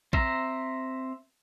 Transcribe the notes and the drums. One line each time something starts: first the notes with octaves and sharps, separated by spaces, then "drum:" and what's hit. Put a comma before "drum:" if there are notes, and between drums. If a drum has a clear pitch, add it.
C4 C5 E5 A#5, drum: kick A#1